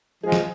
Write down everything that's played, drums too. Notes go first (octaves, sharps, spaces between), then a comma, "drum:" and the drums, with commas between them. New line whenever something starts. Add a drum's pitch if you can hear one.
F3 G#3 G#4
drum: snare